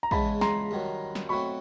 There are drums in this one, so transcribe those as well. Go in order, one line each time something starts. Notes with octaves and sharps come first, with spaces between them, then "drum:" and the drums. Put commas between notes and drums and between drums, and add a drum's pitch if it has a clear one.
A#5
E2 C#3 E3 G#3 B3 A5 B5, drum: kick
A#5 C6, drum: snare
G2 D#3 F#3
drum: snare
B2 F#3 A3 C4 B5 C#6